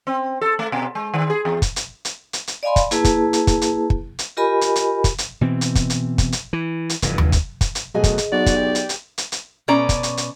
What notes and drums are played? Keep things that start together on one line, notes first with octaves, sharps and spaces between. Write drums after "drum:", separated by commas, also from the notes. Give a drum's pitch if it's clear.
C4
A4
A3
B2
G#3
D#3
G#4
E2
drum: kick, hi-hat
drum: hi-hat
drum: hi-hat
drum: hi-hat
drum: hi-hat
D5 D#5 F5 G#5 B5 C6
drum: kick, hi-hat
A#3 E4 G#4 B4 A5, drum: hi-hat
drum: kick, hi-hat
drum: hi-hat
drum: kick, hi-hat
drum: hi-hat
drum: kick
drum: hi-hat
F4 G4 A#4 D#5 G#5 B5
drum: hi-hat
drum: hi-hat
drum: kick, hi-hat
drum: hi-hat
B2 E3 C4
drum: hi-hat
drum: kick, hi-hat
drum: hi-hat
drum: kick, hi-hat
drum: hi-hat
E3
drum: hi-hat
F1 G2 E3, drum: hi-hat
drum: tom D#2
drum: kick, hi-hat
drum: kick, hi-hat
drum: hi-hat
B2 F#3 A3 G#4 D#5 G#5
drum: kick, hi-hat
drum: hi-hat
B1 F#3 F#4 D5
drum: kick, hi-hat
G4
drum: hi-hat
drum: hi-hat
drum: hi-hat
drum: hi-hat
B2 C#4 D5 A#5
drum: kick, hi-hat
drum: hi-hat
drum: hi-hat